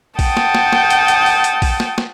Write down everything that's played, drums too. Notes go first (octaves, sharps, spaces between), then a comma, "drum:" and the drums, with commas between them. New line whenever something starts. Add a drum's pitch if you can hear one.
F#5 G5 A5 D#6, drum: kick A#1, open hi-hat
drum: snare
drum: snare
drum: snare
drum: hi-hat
drum: hi-hat
drum: open hi-hat
drum: hi-hat
drum: kick A#1, open hi-hat
drum: snare
drum: snare